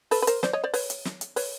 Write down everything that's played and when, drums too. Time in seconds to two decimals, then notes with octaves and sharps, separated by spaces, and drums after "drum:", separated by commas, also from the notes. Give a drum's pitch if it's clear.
0.11 A4 B4, drum: open hi-hat
0.22 B4
0.27 A#4 C5, drum: hi-hat
0.43 C5 D5, drum: snare
0.53 C#5 D#5
0.64 C5 D5
0.74 B4 C#5, drum: open hi-hat
0.90 drum: hi-hat
1.05 drum: snare
1.21 drum: hi-hat
1.36 B4 C#5, drum: open hi-hat